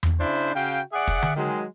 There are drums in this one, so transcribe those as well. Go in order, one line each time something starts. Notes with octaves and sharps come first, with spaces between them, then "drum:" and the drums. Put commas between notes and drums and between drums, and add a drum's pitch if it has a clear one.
drum: tom E2
C#3 D4 E4 C5
C#3 F#4 F5 G5
G#4 D5 E5 F#5
drum: kick
drum: tom D3
D#3 F#3 G#3